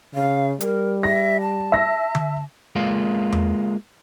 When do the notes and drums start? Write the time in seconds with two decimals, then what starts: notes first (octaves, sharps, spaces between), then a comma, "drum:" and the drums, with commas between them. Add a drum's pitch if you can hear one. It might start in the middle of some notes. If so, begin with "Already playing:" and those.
0.14 C#3 F5
0.60 G3 A#4, drum: hi-hat
1.03 E5 A#6
1.41 A5
1.72 E5 A#6
2.15 drum: tom D3
2.75 G#3 A#3 F4
3.32 drum: tom E2